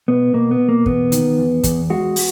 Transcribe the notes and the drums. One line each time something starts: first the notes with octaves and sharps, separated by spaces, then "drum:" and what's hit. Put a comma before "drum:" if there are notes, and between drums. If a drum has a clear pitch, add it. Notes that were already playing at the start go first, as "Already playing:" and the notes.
B2 B3
B2 A#3
B3
B2
A#3
E2 B3, drum: kick
D#3, drum: hi-hat
E2
E2, drum: kick, hi-hat
G#3 F#4
drum: open hi-hat